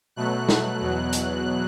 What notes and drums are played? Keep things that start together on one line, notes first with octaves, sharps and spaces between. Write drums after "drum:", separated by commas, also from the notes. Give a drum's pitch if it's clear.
B2 F#3 A3 F#6
drum: snare
E2 B2 F#3
drum: hi-hat